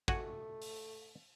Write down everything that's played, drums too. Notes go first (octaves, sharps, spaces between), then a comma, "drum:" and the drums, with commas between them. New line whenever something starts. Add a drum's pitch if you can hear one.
A3 F#4 F#5 G#5, drum: kick
drum: open hi-hat